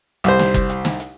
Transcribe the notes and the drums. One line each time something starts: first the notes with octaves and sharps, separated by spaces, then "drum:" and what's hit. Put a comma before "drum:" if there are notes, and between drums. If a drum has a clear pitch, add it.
C2 C5, drum: hi-hat
drum: snare
drum: kick F#1, hi-hat
drum: hi-hat
drum: snare
drum: hi-hat